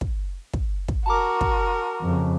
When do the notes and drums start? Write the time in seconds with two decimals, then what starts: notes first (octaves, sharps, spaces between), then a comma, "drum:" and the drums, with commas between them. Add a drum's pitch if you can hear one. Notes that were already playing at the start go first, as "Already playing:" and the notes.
0.01 drum: kick
0.53 drum: kick
0.88 drum: kick
1.06 F#4 A#4 A5 A#5 D6
1.41 drum: kick
2.01 F2 C#3